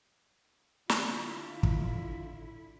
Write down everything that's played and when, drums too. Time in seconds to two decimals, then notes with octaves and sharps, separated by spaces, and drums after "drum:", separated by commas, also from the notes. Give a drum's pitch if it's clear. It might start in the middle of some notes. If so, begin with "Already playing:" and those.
0.89 D3 E4 F4, drum: snare
1.63 drum: kick